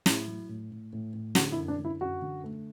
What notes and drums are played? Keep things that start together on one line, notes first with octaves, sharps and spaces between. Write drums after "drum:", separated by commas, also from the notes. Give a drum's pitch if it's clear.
A2 E4, drum: snare
F#3
A2
A2
A2
A2
D3 F#4, drum: snare
E4
F#2
D4
D3
E4
F#2 F#4
D3
A3